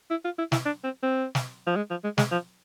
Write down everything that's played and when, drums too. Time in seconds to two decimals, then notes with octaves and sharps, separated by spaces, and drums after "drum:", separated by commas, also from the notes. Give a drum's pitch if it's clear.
0.10 E4
0.24 F4
0.38 E4
0.52 E4, drum: snare
0.66 D4
0.84 C4
1.03 C4
1.35 drum: snare
1.67 F3
1.76 G#3
1.90 F3
2.04 G#3
2.18 G#3, drum: snare
2.32 F3